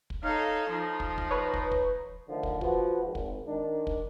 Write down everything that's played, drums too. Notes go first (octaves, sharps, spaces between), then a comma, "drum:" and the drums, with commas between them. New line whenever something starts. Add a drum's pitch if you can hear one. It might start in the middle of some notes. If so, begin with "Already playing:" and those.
drum: kick
D#4 A4 C#5 F5
F3 D#4
drum: kick
drum: kick
B4 C#5
drum: kick
drum: kick
D3 D#3 F3 A3
drum: kick
F3 F#4 B4, drum: kick
G#1
drum: kick
D#3 D4
drum: kick